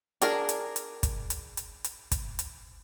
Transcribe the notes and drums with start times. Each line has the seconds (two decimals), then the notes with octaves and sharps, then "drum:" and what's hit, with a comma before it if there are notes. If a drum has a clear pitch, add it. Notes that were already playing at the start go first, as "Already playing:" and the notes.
0.22 D4 G#4 A#4, drum: hi-hat
0.49 drum: hi-hat
0.76 drum: hi-hat
1.03 drum: kick, hi-hat
1.30 drum: hi-hat
1.57 drum: hi-hat
1.84 drum: hi-hat
2.12 drum: kick, hi-hat
2.39 drum: hi-hat